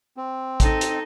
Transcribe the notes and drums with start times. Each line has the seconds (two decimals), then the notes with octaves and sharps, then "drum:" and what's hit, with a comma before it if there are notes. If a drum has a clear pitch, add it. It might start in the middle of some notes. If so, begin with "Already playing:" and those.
0.17 C4
0.60 D#4 A4, drum: kick, hi-hat
0.81 drum: hi-hat